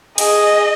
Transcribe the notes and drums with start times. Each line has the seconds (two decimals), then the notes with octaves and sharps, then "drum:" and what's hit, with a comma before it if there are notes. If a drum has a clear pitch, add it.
0.18 G#4 D#5, drum: cymbal